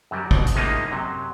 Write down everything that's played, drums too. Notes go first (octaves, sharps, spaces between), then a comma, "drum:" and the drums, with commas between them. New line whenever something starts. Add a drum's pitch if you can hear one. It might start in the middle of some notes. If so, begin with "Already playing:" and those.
F#2 F#3 G3
B2, drum: kick
drum: hi-hat
A2 G#3 A#3 C#4 D#4 F4
F#2 C3 F#3